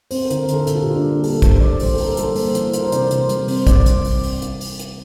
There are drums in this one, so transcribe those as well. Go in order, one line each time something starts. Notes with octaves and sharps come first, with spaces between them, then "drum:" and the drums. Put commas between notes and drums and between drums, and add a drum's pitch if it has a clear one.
C4 C5, drum: open hi-hat
A#4
D3, drum: hi-hat
A#4
D3, drum: hi-hat
A4
A#2 A4, drum: hi-hat
F4
A#2 G4
D4
G3 G4
A#3 A4, drum: open hi-hat
A#2 C5, drum: kick, hi-hat
A#2 D5
E3 C5, drum: open hi-hat
A4
E3 A#4, drum: open hi-hat
G3 A4, drum: hi-hat
A#3 C5, drum: open hi-hat
E3, drum: hi-hat
E3 A#4, drum: hi-hat
C5
C3 D5, drum: hi-hat
C3, drum: hi-hat
G3, drum: hi-hat
C4 C5, drum: open hi-hat
C3 D5, drum: kick, hi-hat
drum: hi-hat
drum: open hi-hat
drum: open hi-hat
drum: hi-hat
drum: open hi-hat
drum: hi-hat